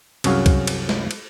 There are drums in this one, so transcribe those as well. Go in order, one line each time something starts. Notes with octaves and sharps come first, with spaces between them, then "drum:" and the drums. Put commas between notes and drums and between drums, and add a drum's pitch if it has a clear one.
C2 F#2 C#4 F#4 G#4 F5, drum: cymbal
drum: kick C2, cymbal
drum: cymbal
drum: snare
drum: cymbal